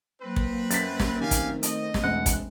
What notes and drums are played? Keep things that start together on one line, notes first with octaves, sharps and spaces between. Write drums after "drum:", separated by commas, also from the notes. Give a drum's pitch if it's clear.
F#3 A#3 C4 B4
drum: kick
F#2 A6 B6, drum: hi-hat
drum: snare
D#3 A3 C4 G4 F5 G#5
drum: kick, hi-hat
D#5, drum: hi-hat
drum: snare
E1 F#5
drum: kick, hi-hat